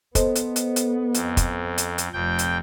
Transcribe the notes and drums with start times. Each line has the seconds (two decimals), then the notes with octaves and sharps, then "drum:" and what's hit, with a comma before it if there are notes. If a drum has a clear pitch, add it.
0.15 B3 A4 C5 D#5, drum: kick, hi-hat
0.35 drum: hi-hat
0.56 drum: hi-hat
0.76 drum: hi-hat
1.14 F2, drum: hi-hat
1.37 drum: kick, hi-hat
1.78 drum: hi-hat
1.98 drum: hi-hat
2.13 F1 F2 G5
2.39 drum: hi-hat